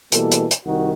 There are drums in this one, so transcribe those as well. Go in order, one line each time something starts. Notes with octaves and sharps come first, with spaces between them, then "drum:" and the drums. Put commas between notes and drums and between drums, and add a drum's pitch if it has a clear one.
B2 E3 G3 A#3 A4, drum: hi-hat
drum: hi-hat
drum: hi-hat
C2 D#3 F#4